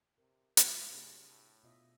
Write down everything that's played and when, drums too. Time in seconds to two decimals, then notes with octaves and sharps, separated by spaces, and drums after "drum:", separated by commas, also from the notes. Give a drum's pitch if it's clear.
0.18 C3 A#4
0.57 G1 C#2 F#2 G3, drum: hi-hat
0.91 C3 F#3 A3 D4 G#4 B5
1.29 A2
1.63 B2 F4 D#5 E5